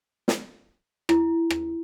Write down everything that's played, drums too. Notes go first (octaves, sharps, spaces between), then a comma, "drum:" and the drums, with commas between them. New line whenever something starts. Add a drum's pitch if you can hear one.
drum: snare
E4, drum: rim click
drum: rim click